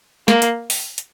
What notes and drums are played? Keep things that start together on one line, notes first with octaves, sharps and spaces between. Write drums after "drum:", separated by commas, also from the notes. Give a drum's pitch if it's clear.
A#3, drum: snare
drum: hi-hat
drum: open hi-hat
drum: hi-hat